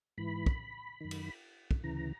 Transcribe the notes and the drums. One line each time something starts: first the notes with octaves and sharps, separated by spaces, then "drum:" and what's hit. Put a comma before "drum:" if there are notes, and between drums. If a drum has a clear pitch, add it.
G#2 E3 B5
drum: kick
F#2 D#3
drum: cymbal
drum: kick
D2 C#3 E3 A#5